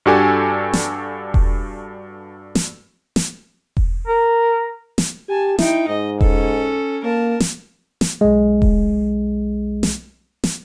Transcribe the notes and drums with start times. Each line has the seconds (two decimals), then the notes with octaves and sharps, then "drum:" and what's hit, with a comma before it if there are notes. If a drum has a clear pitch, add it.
0.06 G2 D4 F#4 G4 A4 G#5
0.73 drum: snare
1.34 drum: kick E1
2.55 drum: snare
3.16 drum: snare
3.77 drum: kick E1
4.07 A#4
4.98 drum: snare
5.29 G4 G#5 A5
5.59 D#4 E4 G5, drum: snare
5.88 G#2 D#5
6.21 C#4 A4, drum: kick E1
7.04 A#3 A#4 A5
7.40 drum: snare
8.01 drum: snare
8.21 B1 G#3
8.62 drum: kick E1
9.83 drum: snare
10.44 drum: snare